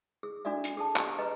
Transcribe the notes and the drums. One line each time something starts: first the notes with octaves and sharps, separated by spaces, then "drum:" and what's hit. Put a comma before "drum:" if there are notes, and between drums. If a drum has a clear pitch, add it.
G#4
D4 F#4 A4 D5 E5
drum: hi-hat
G#4 A4 A5
G4, drum: clap
G#4 B4 D#5 A#5